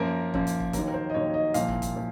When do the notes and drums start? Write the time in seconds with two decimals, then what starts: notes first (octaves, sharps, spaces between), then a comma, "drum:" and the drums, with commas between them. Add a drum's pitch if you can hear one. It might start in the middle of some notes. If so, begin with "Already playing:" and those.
Already playing: F#2 F3 A#3 A#4
0.34 F#2 F3 A#3, drum: kick
0.47 drum: hi-hat
0.60 drum: kick
0.73 D#2 D#3 F#3 A#3 A#4, drum: kick, hi-hat
0.88 A#4
0.94 C5
1.10 D#5
1.14 D#2 D#3 F#3 A#3 C#5
1.34 D#5
1.54 C2 A#2 F3 A#3 F5, drum: hi-hat
1.68 drum: kick
1.82 drum: kick, hi-hat
1.95 F3 A#3